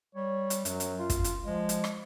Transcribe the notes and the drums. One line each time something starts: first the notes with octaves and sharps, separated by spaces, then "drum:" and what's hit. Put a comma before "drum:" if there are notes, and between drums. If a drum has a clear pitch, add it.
G3 C#5
drum: hi-hat
F#2 F#3, drum: hi-hat
drum: hi-hat
F4
drum: kick, hi-hat
drum: hi-hat
F3 G#3
drum: hi-hat
drum: rim click